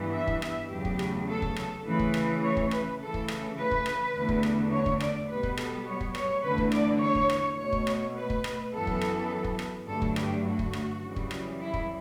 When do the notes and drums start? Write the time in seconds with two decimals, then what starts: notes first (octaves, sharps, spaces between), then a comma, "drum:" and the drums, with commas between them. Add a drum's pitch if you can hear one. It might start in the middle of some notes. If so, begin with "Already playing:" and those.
Already playing: G2 E3 B3
0.13 E5
0.27 drum: kick
0.42 E5, drum: rim click
0.70 E2 C#3 F#3 A3 G4
0.85 drum: kick
0.99 drum: rim click
1.28 A4
1.42 drum: kick
1.56 drum: rim click
1.85 C#3 E3 A3 B4
1.99 drum: kick
2.14 drum: rim click
2.42 C#5
2.57 drum: kick
2.71 B4, drum: rim click
3.00 C#3 E3 A3 A4
3.14 drum: kick
3.28 drum: rim click
3.58 B4
3.71 drum: kick
3.86 drum: rim click
4.14 E2 D3 A3
4.29 drum: kick
4.43 drum: rim click
4.71 C#5
4.86 drum: kick
5.00 D5, drum: rim click
5.29 B2 G3 B3 B4
5.43 drum: kick
5.57 A4, drum: rim click
5.86 C#5
6.01 drum: kick
6.15 C#5, drum: rim click
6.43 E2 D3 A3 B4
6.58 drum: kick
6.72 D5, drum: rim click
7.01 C#5
7.15 drum: kick
7.30 drum: rim click
7.58 B2 A3 C#5
7.72 drum: kick
7.87 drum: rim click
8.16 B4
8.30 drum: kick
8.44 drum: rim click
8.72 F#2 E3 B3 A4
8.87 drum: kick
9.01 drum: rim click
9.44 drum: kick
9.59 drum: rim click
9.87 G2 D3 F#3 A3 A4
10.02 drum: kick
10.16 G4, drum: rim click
10.45 F#4
10.59 drum: kick
10.73 drum: rim click
11.02 F#2 C#3 E3 G3
11.16 drum: kick
11.31 drum: rim click
11.60 E4
11.74 drum: kick